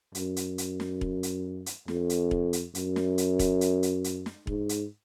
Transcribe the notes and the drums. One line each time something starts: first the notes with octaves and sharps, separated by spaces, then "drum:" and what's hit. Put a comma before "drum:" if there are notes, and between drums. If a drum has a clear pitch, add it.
F#2, drum: hi-hat
drum: hi-hat
drum: hi-hat
drum: snare
drum: kick E1
drum: hi-hat
drum: hi-hat
F2, drum: snare
drum: hi-hat
drum: kick E1
drum: hi-hat
F#2, drum: hi-hat
drum: snare
drum: hi-hat
drum: kick E1, hi-hat
drum: hi-hat
drum: hi-hat
drum: hi-hat
drum: snare
G#2, drum: kick E1
drum: hi-hat